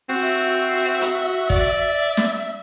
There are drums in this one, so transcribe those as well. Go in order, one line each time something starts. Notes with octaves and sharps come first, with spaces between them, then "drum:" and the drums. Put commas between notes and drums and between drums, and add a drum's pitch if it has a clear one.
C4 F#4
E5
drum: hi-hat
D5, drum: kick
drum: snare